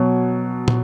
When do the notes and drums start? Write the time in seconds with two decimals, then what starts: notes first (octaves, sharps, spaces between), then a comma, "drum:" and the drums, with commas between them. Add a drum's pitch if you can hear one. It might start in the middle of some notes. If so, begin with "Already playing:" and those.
Already playing: B2 F#3
0.68 drum: tom